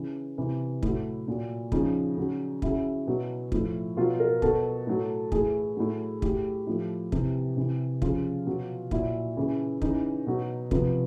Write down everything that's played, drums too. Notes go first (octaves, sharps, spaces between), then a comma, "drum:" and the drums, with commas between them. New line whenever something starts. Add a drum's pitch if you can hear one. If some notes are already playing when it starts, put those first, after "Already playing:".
Already playing: C#3 E3
C3 E3
A2 F#3, drum: kick
A#2 F#3
C#3 F3 D#4, drum: kick
C#3 F#3
C#3 F#3 E4, drum: kick
B2 F#3
A2 F3, drum: kick
B2 F#3 F4
A#4
B2 F#3 A4, drum: kick
A2 F#3
A2 E3 G#4, drum: kick
A2 F#3
A2 F#3 G4, drum: kick
A2 F3
C3 E3, drum: kick
C3 E3
C#3 F3 F4, drum: kick
B2 F#3
A#2 F#3 E4, drum: kick
C#3 E3
C#3 E3 D#4, drum: kick
B2 F#3
C3 F3 B3, drum: kick